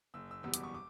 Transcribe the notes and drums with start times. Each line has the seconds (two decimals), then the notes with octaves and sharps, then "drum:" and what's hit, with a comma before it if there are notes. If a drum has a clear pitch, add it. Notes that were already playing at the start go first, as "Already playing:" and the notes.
0.14 F#1 E6
0.31 E6
0.43 E2 B2 G3 E6
0.54 D6, drum: hi-hat
0.63 C#6
0.74 D6